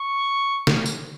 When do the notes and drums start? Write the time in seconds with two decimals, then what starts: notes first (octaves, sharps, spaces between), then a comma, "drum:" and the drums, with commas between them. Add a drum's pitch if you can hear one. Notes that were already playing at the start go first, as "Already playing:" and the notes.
Already playing: C#6
0.67 drum: snare
0.86 drum: tambourine